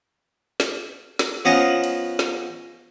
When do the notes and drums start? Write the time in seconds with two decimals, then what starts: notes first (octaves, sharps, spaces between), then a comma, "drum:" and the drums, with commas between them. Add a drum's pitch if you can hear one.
0.60 drum: snare
1.19 drum: snare
1.45 F3 B3 C#4 D#5 F#5
1.84 drum: cymbal
2.19 drum: snare